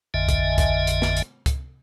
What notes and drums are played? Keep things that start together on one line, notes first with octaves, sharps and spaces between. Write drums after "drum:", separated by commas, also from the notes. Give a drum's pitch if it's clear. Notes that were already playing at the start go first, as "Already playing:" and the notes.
A1 F2 D3 D#5 E5 G#5
drum: kick C#2, hi-hat
drum: kick C#2, hi-hat
drum: hi-hat
drum: snare
drum: hi-hat
drum: kick C#2, hi-hat